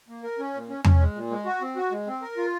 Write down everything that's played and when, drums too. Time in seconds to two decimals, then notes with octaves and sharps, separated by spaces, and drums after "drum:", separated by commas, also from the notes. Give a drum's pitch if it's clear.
0.08 A#3
0.23 A#4
0.39 C#4
0.54 A#2
0.69 C#4
0.84 C#4, drum: tom E2
1.00 G#3
1.15 A#2
1.31 G#3
1.45 F#4
1.61 C4
1.76 F#4
1.91 G#3
2.07 C4
2.22 A#4
2.37 F4